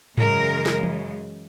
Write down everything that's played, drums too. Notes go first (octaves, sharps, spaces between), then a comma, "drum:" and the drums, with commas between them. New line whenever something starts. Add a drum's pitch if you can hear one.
F#2 C#3 E3 G#3 A#4, drum: tom G#2
drum: snare
drum: tom